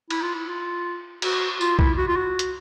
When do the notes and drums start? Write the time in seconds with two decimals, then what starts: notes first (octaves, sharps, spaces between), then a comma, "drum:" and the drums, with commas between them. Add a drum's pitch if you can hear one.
0.10 E4, drum: cymbal
0.22 F4
0.35 E4
0.48 F4
1.22 F#4, drum: cymbal
1.61 F4, drum: tambourine
1.79 E4, drum: kick B1
1.98 F#4
2.08 F4
2.17 F#4
2.39 drum: hi-hat